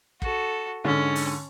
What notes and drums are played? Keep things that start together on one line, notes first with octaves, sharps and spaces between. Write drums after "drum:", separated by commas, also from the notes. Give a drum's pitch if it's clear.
F#4 A4, drum: kick
G#2 D3 C#4
drum: open hi-hat